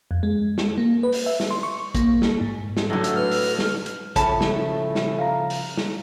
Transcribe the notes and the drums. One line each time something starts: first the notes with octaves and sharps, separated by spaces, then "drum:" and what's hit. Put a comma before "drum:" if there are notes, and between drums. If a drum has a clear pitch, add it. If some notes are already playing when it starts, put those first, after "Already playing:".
F2
G#3
drum: snare
A#3
B4
drum: open hi-hat
E5
drum: snare
C6
C#6
A#3, drum: kick, hi-hat
drum: snare
G#2
drum: snare
A2 D3 F#3 A3
drum: hi-hat
B4 F6
drum: open hi-hat
drum: snare
drum: hi-hat
A2 C#3 F3 C#4 A5 B5, drum: kick, hi-hat
drum: snare
drum: snare
F5 A#5
drum: open hi-hat
drum: snare